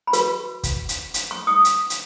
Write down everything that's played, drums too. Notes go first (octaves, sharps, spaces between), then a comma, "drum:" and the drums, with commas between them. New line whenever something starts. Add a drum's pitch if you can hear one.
B5
F#4 B4 C#6, drum: hi-hat
drum: kick, hi-hat
drum: hi-hat
drum: hi-hat
C#6
D#6
drum: hi-hat
drum: hi-hat